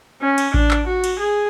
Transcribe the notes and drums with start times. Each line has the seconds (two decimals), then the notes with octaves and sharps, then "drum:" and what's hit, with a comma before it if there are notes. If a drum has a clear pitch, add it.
0.22 C#4
0.38 drum: cymbal
0.54 D4, drum: kick A1
0.71 drum: clap
0.87 F#4
1.04 drum: cymbal
1.20 G#4